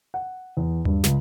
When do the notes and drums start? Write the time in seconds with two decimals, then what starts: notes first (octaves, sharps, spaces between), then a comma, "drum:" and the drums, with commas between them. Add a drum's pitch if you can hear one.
0.14 F#5
0.57 E2
0.85 G2, drum: tom D#2
1.04 C#2, drum: snare